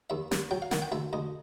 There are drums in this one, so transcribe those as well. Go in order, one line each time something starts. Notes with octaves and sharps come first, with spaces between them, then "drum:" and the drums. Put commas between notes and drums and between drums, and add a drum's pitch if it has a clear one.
D#2 E5
D#2, drum: snare
F#3 G5
F5
D#3 F#5, drum: snare
G5
D2 E5
D2 D#5